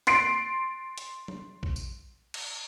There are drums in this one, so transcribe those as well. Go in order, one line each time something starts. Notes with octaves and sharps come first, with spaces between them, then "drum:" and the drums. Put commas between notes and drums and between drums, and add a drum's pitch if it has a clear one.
C6 A6 C7 D7, drum: hi-hat
drum: hi-hat
drum: tom F#3
drum: kick A#1
drum: tambourine
drum: cymbal